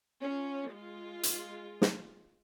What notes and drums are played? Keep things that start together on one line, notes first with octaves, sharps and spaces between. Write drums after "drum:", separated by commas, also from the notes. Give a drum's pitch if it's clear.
C#4 F4
G#3 F4
drum: hi-hat
drum: snare